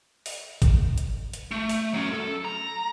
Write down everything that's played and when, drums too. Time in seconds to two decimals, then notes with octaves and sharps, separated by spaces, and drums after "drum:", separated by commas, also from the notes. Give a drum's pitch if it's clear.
0.26 drum: open hi-hat
0.62 drum: kick, hi-hat
0.98 drum: hi-hat
1.34 drum: hi-hat
1.51 A3
1.69 drum: open hi-hat
1.94 F#3 C#4
2.12 A4
2.45 A#5